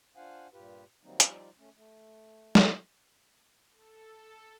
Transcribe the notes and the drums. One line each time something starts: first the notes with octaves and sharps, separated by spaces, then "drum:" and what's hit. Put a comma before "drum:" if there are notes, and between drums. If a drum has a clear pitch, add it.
D4 F4 C5 F5 F#5 G#5
G2 A#2 F4 G4 B4
D#3 F#3 G3 A#3 C4 D#4
F3 G3 D#4 F4 D5, drum: hi-hat
A3 C#4
A3
drum: snare
A4